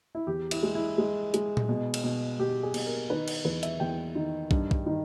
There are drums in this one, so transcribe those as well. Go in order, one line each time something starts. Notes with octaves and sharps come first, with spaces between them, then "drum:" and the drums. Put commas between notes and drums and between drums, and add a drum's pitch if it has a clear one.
E4
E2 G4
E4, drum: cymbal
G#3
E4
G#3
G#3, drum: hi-hat
drum: tom A#2
B2
drum: cymbal
B2
B2 G4
G#4
B2, drum: cymbal
A#4
D#3 B4
drum: cymbal
E2 B4
E5, drum: hi-hat
E2 G5
D#3
G2, drum: kick
drum: kick
D#3